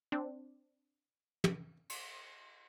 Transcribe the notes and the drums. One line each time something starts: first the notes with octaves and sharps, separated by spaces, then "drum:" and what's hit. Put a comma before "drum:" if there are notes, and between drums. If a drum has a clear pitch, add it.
C4 D4
drum: tom
drum: cymbal